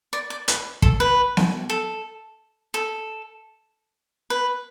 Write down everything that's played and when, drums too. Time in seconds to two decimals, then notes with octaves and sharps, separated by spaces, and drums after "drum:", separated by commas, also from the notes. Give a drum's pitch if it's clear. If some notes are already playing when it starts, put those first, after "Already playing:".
0.13 D5
0.30 D5
0.48 B4, drum: hi-hat
0.82 A4, drum: kick
1.00 B4
1.37 drum: snare B3
1.70 A4
2.74 A4
4.30 B4